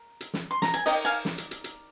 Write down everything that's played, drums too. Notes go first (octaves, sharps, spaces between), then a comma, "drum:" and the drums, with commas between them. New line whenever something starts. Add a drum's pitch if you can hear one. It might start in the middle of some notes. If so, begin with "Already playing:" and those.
Already playing: A#4
drum: hi-hat
drum: snare
C6
A#5, drum: snare
G#5, drum: hi-hat
D#4 A#4 D5 D#5 G5, drum: open hi-hat
F5 G#5
drum: snare
drum: hi-hat
drum: hi-hat
drum: hi-hat